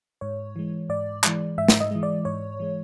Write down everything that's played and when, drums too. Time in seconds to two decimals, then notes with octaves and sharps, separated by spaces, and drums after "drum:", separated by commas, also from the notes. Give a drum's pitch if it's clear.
0.21 G#2 C#5
0.56 E3 G#3
0.89 G#2 D5
1.24 E3 G#3, drum: clap
1.58 G#2 E5
1.68 drum: snare
1.80 D#5
1.91 E3 G#3
2.03 D5
2.25 G#2 C#5
2.60 E3 G#3